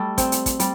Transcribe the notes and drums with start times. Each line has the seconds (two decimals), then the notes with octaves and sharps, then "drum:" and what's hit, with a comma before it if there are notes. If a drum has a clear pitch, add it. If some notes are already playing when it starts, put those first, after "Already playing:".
Already playing: G3 A3
0.18 C4, drum: kick, hi-hat
0.32 drum: hi-hat
0.46 drum: kick, hi-hat
0.60 G3, drum: hi-hat